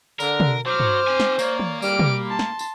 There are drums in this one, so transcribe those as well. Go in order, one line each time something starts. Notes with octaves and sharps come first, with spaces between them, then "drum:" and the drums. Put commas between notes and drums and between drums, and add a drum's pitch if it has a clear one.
D3 A#4, drum: tambourine
drum: tom
F#3 C5 D6 F6
drum: tom G2
C4 G#5
drum: snare
A#3 C#5 D5, drum: tambourine
drum: tom
G3 F6 D7, drum: tambourine
drum: tom
A5 C6
drum: snare
drum: tambourine